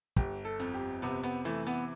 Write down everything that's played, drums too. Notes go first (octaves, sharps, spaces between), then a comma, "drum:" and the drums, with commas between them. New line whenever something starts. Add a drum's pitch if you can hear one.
G1 G4, drum: kick
A4
F2, drum: hi-hat
G4
C3 B3
B3, drum: hi-hat
E3 A3, drum: hi-hat
B3, drum: hi-hat